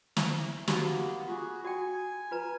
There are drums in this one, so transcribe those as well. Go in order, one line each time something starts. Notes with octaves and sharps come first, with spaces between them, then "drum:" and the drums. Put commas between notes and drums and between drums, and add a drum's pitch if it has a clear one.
E4 E5, drum: snare
A#3 B3 D#4 F#4 G4, drum: snare
F4 F#4 G#4
F#4 G5 G#5
F4 B4 A#5